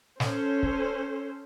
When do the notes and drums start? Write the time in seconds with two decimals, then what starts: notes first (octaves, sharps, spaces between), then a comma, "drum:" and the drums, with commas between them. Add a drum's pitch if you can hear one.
0.20 C#4 A4 C5, drum: snare
0.63 drum: kick